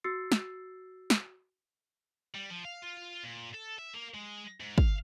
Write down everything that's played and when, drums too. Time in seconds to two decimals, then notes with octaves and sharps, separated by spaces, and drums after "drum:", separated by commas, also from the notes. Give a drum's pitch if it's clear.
0.04 F#4 E6 A6 C7 C#7
0.32 drum: snare
1.10 drum: snare
2.35 G3
2.50 F3
2.65 F5
2.83 F4
3.24 A#2
3.54 A4
3.79 E5
3.94 A#3
4.14 G#3
4.60 G#2
4.78 F5, drum: kick